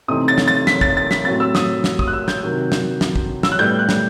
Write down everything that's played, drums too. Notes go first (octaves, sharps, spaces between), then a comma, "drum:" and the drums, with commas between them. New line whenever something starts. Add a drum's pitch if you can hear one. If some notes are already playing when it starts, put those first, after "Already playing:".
C3 E3 A3 C4 D#4 D#6
A6
drum: snare
A6
B6, drum: snare
A6, drum: kick
A6
B6, drum: snare
A2 F#3 C4 A6
E6
D#6, drum: snare
drum: snare
D#6, drum: kick
F#6
E6
G6, drum: snare
C3 D#3 F#3
drum: snare
drum: snare
drum: kick
E6, drum: snare
F#6
A2 G3 B3 G6
F#6
drum: snare